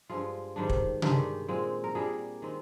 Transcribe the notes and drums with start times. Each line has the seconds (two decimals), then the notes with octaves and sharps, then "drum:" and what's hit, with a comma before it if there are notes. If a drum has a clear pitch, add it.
0.10 G2 F3 G#3 F4
0.56 G#2 D#3 G3 D4
0.69 drum: kick
1.02 G2 D#3 G#3 D4 G4, drum: tom C3
1.48 A#2 G#3 C4
1.84 A#4
1.95 A#2 G3 D4 G#4
2.42 D#3 G#3 C4